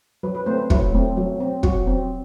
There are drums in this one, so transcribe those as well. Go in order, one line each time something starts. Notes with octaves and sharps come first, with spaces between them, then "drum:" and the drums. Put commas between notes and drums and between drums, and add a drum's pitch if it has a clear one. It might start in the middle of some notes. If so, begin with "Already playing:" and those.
F#3 B4
B4
A3 C4 C5
B4
F#3 E4, drum: kick
A3 C4
F#3
C4
F#3 F#4, drum: kick
C4